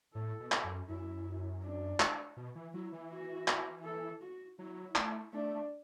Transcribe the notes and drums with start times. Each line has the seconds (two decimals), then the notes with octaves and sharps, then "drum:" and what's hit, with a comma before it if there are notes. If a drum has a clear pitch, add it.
0.14 A2 A4
0.40 B2
0.52 drum: clap
0.64 F#2
0.88 F#2 E4
1.62 D4
2.00 drum: clap
2.37 B2
2.55 E3
2.74 F#3 E4
2.92 E3
3.11 F#4
3.48 drum: clap
3.84 A4
4.22 F#4
4.59 F#3 E4
4.95 A3, drum: clap
5.33 A3 D4